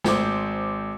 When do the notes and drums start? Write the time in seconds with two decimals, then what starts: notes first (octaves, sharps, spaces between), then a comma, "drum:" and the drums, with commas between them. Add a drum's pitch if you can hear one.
0.05 G#1 C5 D6, drum: snare